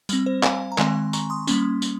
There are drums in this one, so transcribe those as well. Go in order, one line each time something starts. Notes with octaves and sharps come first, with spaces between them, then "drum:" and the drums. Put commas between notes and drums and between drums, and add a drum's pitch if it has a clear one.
G3 C4, drum: tambourine
C5
F5 G#5, drum: clap
A#5
D#3 G#3 C4 G#5 C6, drum: clap
A#5 C#6, drum: tambourine
C6 D#6
G3 A#3 C#4, drum: tambourine
drum: tambourine